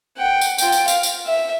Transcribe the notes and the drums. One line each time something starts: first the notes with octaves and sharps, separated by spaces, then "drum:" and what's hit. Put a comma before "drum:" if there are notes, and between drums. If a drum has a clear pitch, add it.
F#5 G5
drum: tambourine
F4 G5, drum: tambourine
drum: tambourine
F5, drum: tambourine
drum: tambourine
E5